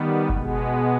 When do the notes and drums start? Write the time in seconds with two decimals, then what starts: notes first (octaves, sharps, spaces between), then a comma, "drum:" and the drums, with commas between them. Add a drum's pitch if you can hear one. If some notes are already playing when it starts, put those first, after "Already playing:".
Already playing: D#3 G3 B3
0.29 B2 G#3 B3, drum: kick F#1